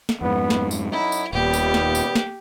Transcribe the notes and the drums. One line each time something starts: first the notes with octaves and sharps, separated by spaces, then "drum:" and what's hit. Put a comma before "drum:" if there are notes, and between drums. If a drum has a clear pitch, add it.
drum: snare
F2 G#2 B3
drum: snare
drum: tambourine
F#2 F#3 D#4 E4
drum: tambourine
D#1 D#2 A#2 G3 B3 G4
drum: tambourine
drum: snare
drum: tambourine
drum: snare